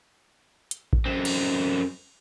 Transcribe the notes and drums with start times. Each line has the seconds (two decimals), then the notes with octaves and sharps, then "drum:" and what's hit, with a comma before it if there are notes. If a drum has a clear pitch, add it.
0.71 drum: hi-hat
0.93 drum: kick A1
1.06 F#2 C4
1.25 drum: cymbal